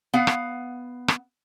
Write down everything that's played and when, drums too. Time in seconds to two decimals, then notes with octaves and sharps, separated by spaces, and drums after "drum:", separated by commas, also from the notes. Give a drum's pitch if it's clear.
0.13 B3 F5 F#5
0.27 drum: rim click
1.08 drum: rim click